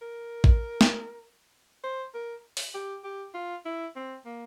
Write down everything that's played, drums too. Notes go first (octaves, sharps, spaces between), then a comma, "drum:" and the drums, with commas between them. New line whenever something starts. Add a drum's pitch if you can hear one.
A#4
drum: kick A1
drum: snare
C5
A#4
drum: open hi-hat
G4
G4
F4
E4
C4
A#3